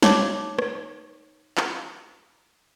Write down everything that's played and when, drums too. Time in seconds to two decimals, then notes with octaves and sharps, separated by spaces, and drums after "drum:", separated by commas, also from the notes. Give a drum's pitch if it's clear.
0.02 D#4 C#5 D6, drum: snare
0.59 drum: rim click
1.57 drum: clap